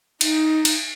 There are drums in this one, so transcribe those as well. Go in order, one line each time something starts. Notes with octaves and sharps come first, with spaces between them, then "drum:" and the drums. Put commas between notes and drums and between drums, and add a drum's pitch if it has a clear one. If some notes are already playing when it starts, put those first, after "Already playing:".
D#4, drum: cymbal
drum: cymbal